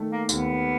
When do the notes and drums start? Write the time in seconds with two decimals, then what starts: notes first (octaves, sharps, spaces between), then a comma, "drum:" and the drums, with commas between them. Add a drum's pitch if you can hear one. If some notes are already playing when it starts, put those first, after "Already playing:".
Already playing: D#3 A3
0.11 A#3
0.29 D#2 B3, drum: tambourine